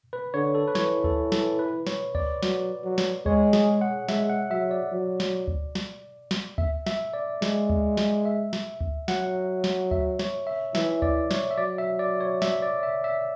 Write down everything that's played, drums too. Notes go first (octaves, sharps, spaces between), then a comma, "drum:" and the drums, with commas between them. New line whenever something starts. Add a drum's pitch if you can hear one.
B4
D3 C#5
A4
B4
E3 C#5, drum: snare
A4, drum: kick D2
A4, drum: snare
B4
C#5, drum: snare
D5, drum: kick D2
F#3, drum: snare
F#3
drum: snare
G#3 C#5, drum: kick D2
G#4, drum: snare
F#5
G#3 E5, drum: snare
F#5
F#3 E5
D5
F#3
drum: snare
drum: kick D2
drum: snare
drum: snare
E5, drum: kick D2
E5, drum: snare
D5
G#3, drum: snare
drum: kick D2
drum: snare
E5
drum: snare
drum: kick D2
F#3 F#5, drum: snare
drum: snare
E5, drum: kick D2
C#5, drum: snare
E5
E3 E5, drum: snare
D5, drum: kick D2
C#5, drum: snare
E5
F#3 D5
E5
D5
C#5
E5, drum: snare
D5
E5
E5